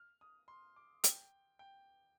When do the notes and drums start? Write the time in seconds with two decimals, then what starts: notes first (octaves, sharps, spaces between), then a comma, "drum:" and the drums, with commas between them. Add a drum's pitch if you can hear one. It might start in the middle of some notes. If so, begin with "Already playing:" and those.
Already playing: F6
0.21 D#6
0.48 C6
0.76 D6
1.04 G5, drum: hi-hat
1.59 G5